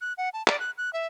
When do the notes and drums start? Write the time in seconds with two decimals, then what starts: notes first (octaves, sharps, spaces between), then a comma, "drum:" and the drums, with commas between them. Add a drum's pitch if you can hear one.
0.01 F#6
0.18 F#5
0.33 A5
0.47 D5, drum: clap
0.59 F#6
0.78 F#6
0.93 E5